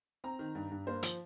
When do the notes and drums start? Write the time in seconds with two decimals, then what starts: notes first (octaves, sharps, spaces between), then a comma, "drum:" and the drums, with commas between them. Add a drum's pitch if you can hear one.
0.24 C4 A#5
0.39 D#3
0.55 G2
0.71 G2
0.87 A#3 C5
1.03 F3, drum: hi-hat